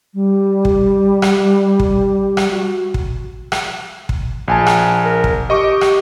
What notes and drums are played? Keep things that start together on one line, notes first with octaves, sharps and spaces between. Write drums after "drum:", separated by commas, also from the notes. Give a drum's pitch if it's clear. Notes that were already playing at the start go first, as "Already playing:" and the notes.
G3
drum: kick
drum: rim click
drum: kick
drum: rim click
F#4
drum: kick
drum: rim click
drum: kick
A#1 G#5 A5
drum: rim click
A#4
drum: kick
G4 D#5 C#6 D6
drum: rim click